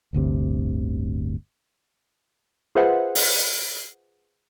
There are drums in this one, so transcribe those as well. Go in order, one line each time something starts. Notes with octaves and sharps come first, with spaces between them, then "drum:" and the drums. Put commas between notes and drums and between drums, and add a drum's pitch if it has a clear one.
D1 G1 D2 C3
F4 G#4 B4 C5 E5 F#5
drum: open hi-hat